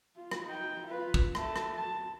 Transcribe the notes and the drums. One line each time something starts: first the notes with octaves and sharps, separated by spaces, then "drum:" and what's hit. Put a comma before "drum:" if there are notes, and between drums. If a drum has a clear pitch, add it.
F4
drum: rim click
D#4 G5
F4 B4
drum: kick
A3 A5, drum: rim click
drum: rim click
A5